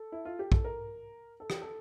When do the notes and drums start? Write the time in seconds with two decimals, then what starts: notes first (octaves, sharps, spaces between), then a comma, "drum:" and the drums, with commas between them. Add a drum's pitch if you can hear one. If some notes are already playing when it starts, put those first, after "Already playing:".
Already playing: A4
0.12 E4
0.25 F4
0.39 G4
0.52 A4, drum: kick
0.64 A#4
1.40 A4
1.50 G4, drum: rim click
1.62 A4